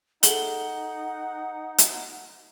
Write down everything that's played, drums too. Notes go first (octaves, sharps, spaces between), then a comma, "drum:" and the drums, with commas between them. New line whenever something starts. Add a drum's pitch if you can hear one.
D#4 G#4 A4 F#5 F#7 G7, drum: hi-hat
drum: hi-hat